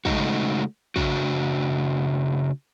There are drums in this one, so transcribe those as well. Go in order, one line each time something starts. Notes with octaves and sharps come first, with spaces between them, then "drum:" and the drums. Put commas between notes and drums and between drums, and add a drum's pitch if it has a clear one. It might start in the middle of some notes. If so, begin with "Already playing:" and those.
C#3 G#3 A3 D#4 F#4, drum: kick
C#3 A3 D4 F#4, drum: kick